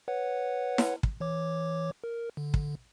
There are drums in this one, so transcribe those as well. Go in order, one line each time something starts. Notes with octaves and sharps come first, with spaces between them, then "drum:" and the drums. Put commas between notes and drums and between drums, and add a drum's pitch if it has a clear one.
B4 C#5 F#5
drum: snare E4
drum: kick
E3 C#5 D6
A#4
D3
drum: kick